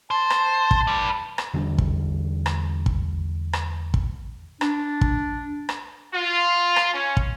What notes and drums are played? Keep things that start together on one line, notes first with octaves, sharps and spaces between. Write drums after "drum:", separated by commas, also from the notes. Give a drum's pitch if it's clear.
C5 A5
drum: rim click
drum: kick
B4 D5
drum: rim click
E2 D3 G3 D4
drum: kick
drum: rim click
drum: kick
drum: rim click
drum: kick
D4, drum: rim click
drum: kick
drum: rim click
F4
drum: rim click
C#4
drum: kick